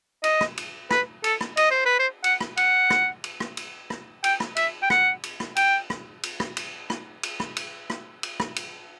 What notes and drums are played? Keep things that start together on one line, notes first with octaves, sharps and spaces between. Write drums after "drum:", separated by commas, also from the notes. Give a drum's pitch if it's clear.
D#5, drum: cymbal
drum: rim click
drum: cymbal
B4, drum: rim click
A4, drum: cymbal
drum: rim click
D#5, drum: cymbal
C5
B4
C5
F#5, drum: cymbal
drum: rim click
F#5, drum: cymbal
drum: rim click
drum: cymbal
drum: rim click
drum: cymbal
drum: rim click
G5, drum: cymbal
drum: rim click
E5, drum: cymbal
G5
F#5, drum: rim click
drum: cymbal
drum: rim click
G5, drum: cymbal
drum: rim click
drum: cymbal
drum: rim click
drum: cymbal
drum: rim click
drum: cymbal
drum: rim click
drum: cymbal
drum: rim click
drum: cymbal
drum: rim click
drum: cymbal